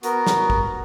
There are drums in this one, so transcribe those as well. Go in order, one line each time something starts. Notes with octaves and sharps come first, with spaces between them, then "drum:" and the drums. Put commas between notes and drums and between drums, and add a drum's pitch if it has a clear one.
B3 F#4 A#4, drum: hi-hat
drum: snare
drum: kick